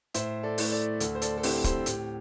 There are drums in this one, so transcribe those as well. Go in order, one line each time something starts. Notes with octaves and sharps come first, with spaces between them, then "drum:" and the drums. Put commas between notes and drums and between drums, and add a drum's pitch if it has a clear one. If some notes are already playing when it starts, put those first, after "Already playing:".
A2 C5 E5, drum: hi-hat
A4 D5
A3 E4, drum: open hi-hat
A4 D5
D2 A4, drum: hi-hat
C5
A4 D5, drum: hi-hat
A4
D3 C4 E4 G4 C5, drum: open hi-hat
G4 C5, drum: kick, hi-hat
A2 G4, drum: hi-hat